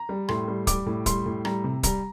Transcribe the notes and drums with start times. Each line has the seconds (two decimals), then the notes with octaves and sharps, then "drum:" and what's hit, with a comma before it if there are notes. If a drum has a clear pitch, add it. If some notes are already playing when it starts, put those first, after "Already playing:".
Already playing: A#5
0.09 G3
0.28 A2 C6, drum: rim click
0.48 G3
0.67 G3 D6, drum: kick, hi-hat
0.86 A2
1.06 G3 C6, drum: kick, hi-hat
1.26 A2
1.45 G3 A#5, drum: rim click
1.64 C3
1.83 G3 A#5, drum: kick, hi-hat